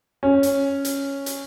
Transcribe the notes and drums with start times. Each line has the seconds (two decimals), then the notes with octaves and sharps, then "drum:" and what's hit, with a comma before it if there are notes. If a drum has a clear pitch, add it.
0.23 C#4
0.43 drum: hi-hat
0.85 drum: hi-hat
1.26 drum: hi-hat